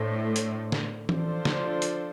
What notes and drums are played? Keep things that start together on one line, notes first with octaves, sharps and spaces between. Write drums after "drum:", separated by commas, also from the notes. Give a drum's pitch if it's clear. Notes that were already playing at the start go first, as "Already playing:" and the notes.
Already playing: A2 A3 D4 A4 C5
drum: hi-hat
drum: snare
F3 D4 A4 C5, drum: tom E3
drum: snare
drum: hi-hat